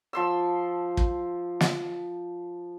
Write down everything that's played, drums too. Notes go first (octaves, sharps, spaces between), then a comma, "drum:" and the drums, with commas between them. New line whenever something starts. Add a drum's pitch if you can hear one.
F3 C6 E6
drum: kick
drum: snare